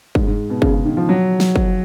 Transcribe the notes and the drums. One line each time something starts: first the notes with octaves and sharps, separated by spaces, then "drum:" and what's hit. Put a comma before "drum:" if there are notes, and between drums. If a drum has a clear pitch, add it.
G#2, drum: kick
G#2
B2
C#3, drum: kick
C#3
D#3
F3
F#3
drum: snare
drum: kick